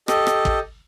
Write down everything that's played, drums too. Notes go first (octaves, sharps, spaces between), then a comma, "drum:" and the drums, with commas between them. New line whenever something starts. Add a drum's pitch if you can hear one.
G4 A4 D#5, drum: rim click
drum: rim click
drum: kick